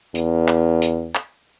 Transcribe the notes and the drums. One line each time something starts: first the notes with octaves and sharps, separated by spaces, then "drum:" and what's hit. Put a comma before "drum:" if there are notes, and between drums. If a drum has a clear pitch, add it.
E2, drum: hi-hat
drum: clap
drum: hi-hat
drum: clap